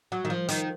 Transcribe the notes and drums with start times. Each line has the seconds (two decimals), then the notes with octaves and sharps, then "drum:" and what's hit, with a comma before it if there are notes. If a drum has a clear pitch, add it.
0.12 F#3
0.25 D#3
0.30 F3
0.49 D#3, drum: hi-hat